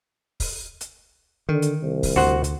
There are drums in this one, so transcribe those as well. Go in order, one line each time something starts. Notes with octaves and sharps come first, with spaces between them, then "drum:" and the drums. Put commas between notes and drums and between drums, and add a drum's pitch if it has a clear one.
drum: kick, open hi-hat
drum: hi-hat
D3 D#3
drum: hi-hat
C2
drum: kick, open hi-hat
D2 F#4 C5 F#5
drum: hi-hat